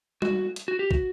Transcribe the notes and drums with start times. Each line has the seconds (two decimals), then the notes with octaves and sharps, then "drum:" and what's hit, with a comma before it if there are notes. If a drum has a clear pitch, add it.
0.22 F#4, drum: tom G3
0.56 drum: hi-hat
0.68 F#4
0.79 G4
0.91 F#4, drum: kick